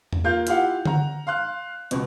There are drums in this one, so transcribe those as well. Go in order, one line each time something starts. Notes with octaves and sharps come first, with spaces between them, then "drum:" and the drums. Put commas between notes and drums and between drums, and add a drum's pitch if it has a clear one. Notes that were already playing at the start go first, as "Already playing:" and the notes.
drum: tom E2
A#3 F4 F5 G6
E4 F4 G4 F5 F#5, drum: hi-hat
F#5 A#5, drum: tom D3
F5 C6 F#6
C#2 B2, drum: hi-hat